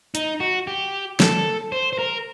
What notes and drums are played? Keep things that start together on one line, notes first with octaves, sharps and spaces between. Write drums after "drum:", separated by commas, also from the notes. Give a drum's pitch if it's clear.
D#4, drum: hi-hat
F#4
G4
A4, drum: snare
C5
C5
A#4